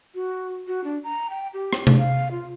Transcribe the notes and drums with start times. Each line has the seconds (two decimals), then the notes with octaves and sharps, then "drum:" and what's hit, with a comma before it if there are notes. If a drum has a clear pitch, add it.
0.15 F#4
0.68 F#4
0.84 D4
1.04 A#5
1.30 G5
1.54 G4
1.73 drum: rim click
1.87 drum: tom C3
1.98 F5
2.31 F4